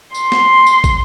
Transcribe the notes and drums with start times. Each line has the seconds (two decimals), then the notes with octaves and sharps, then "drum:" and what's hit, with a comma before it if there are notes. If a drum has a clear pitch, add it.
0.15 C6, drum: tambourine
0.32 drum: snare
0.67 drum: tambourine
0.84 drum: kick, tambourine